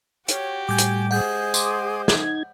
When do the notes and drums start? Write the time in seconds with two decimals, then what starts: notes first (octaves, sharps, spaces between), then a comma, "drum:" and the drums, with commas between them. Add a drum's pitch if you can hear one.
0.28 F#4 G4 C#5, drum: hi-hat
0.69 A2 G3 G#5 D6 G6
0.78 drum: hi-hat
1.11 G#3 G#4 C5 F#5 G6
1.54 C6 D6 D#6, drum: tambourine
2.08 D#4 G#6, drum: snare